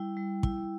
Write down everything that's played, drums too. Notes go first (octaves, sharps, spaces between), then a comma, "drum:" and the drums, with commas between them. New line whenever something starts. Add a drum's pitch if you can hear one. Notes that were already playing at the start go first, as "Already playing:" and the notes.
Already playing: G3 E4 G5
G3
E4, drum: kick